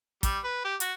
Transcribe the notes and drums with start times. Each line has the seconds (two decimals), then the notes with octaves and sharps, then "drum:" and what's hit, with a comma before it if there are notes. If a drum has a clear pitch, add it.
0.23 G3, drum: kick, hi-hat
0.43 B4
0.64 G4
0.80 F#4, drum: hi-hat